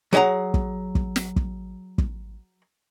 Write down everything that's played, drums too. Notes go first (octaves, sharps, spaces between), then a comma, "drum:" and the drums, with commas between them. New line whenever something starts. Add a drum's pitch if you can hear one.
F#3 G#4 E5 F#5 A#5
drum: kick
drum: kick
drum: snare
drum: kick
drum: kick